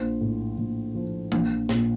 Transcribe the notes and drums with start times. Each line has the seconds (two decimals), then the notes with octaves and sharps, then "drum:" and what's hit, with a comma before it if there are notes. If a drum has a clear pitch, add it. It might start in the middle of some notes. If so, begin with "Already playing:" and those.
Already playing: A#1 C5
0.21 A2
0.58 A#1
0.95 F3
1.32 A#1, drum: tom E3
1.69 A#2, drum: snare